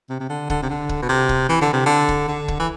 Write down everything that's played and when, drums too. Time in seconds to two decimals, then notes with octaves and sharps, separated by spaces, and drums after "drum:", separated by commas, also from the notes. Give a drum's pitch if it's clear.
0.10 C3
0.20 C3
0.29 D3
0.50 D3, drum: kick
0.62 C3
0.69 D3
0.89 drum: kick
1.02 B2
1.09 C3
1.29 drum: kick
1.49 E3
1.61 D3
1.73 C3
1.86 D3
2.09 drum: kick
2.28 D3
2.48 drum: kick
2.60 E3